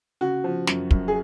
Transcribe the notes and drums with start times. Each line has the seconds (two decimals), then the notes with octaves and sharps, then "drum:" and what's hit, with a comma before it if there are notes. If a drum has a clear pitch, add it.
0.21 C#3 F#4
0.44 F3
0.67 F#2, drum: snare
0.91 F#2, drum: kick
1.08 G#4